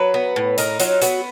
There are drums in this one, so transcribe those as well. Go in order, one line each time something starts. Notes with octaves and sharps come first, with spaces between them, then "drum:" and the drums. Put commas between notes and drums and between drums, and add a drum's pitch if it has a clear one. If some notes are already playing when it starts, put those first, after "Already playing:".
Already playing: F#3 B4
B3
A2
D#4 A#4, drum: hi-hat
F#3 F4, drum: hi-hat
B3 F#4, drum: hi-hat